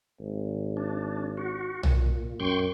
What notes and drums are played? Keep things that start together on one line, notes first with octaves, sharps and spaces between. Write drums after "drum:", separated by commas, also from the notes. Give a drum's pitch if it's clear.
G#1
D4
F#4
A#2, drum: tom
F#2 G5 C6 C#6